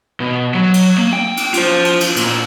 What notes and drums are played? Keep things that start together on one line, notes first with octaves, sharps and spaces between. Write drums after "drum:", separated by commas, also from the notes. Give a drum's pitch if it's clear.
B2
F#3
drum: cymbal
A#3
G5
drum: cymbal
F4 C5, drum: cymbal
drum: cymbal
drum: cymbal
A#2, drum: cymbal